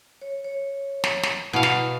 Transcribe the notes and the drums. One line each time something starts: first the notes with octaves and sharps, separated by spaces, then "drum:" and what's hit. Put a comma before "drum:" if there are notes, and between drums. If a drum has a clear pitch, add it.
C#5
C#5
drum: snare
drum: snare
B2 E4 F5
drum: snare